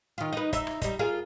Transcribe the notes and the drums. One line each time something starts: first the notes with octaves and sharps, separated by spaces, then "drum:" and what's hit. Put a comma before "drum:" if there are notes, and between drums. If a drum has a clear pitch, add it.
D#3 F4
D#4 B4
D#4 E5, drum: kick, hi-hat
drum: rim click
G3 D#4, drum: kick, hi-hat
F4 G#4 A#4